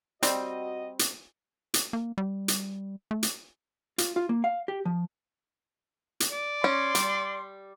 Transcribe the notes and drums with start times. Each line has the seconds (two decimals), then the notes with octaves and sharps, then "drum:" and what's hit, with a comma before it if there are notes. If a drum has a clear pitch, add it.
0.23 G3 C4 F#4 D#5, drum: hi-hat
0.99 drum: hi-hat
1.74 drum: hi-hat
1.93 A#3
2.18 G3
2.48 drum: hi-hat
3.11 A3
3.23 drum: hi-hat
3.98 F4, drum: hi-hat
4.16 F4
4.29 A#3
4.44 F5
4.68 G4
4.85 F3
6.20 drum: hi-hat
6.32 D5
6.64 C#4 C6
6.95 G3, drum: hi-hat